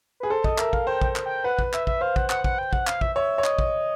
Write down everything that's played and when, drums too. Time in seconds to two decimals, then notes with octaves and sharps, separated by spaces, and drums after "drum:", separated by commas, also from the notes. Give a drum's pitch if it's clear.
0.20 G#4 B4
0.30 A4 C5
0.44 D#5, drum: kick
0.58 A#4 E5, drum: clap
0.73 F5, drum: kick
0.87 C5 G5
1.02 drum: kick
1.16 drum: clap
1.25 G5
1.44 B4 F#5
1.59 drum: kick
1.73 E5, drum: clap
1.87 E5, drum: kick
2.01 C5 F5
2.16 F#5, drum: kick
2.30 F#5, drum: clap
2.44 F#5, drum: kick
2.58 G5
2.73 F#5, drum: kick
2.87 F5, drum: clap
3.01 E5, drum: kick
3.15 C#5 E5
3.38 C#5
3.44 D#5, drum: clap
3.59 drum: kick